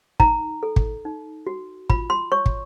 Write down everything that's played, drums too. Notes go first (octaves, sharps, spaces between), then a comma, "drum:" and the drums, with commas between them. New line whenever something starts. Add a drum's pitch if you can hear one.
D#4 A#5, drum: kick
A4
drum: kick
D#4
F#4
F4 B5, drum: kick
C6
C#5 C#6
drum: kick